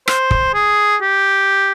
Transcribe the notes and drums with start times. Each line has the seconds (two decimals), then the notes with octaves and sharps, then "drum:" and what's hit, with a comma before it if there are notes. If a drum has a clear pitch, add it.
0.08 C5, drum: rim click
0.31 drum: kick
0.54 G#4
1.01 G4